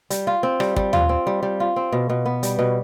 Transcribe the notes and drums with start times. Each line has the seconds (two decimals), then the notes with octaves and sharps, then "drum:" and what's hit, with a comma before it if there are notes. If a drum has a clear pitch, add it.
0.10 G3, drum: hi-hat
0.27 F4
0.43 C4
0.60 G3, drum: rim click
0.76 G3, drum: kick
0.93 F4, drum: tom
1.09 C4
1.27 G3
1.43 G3
1.60 F4
1.76 C4
1.92 B2
2.10 B2
2.26 B3
2.43 G3, drum: hi-hat
2.59 B2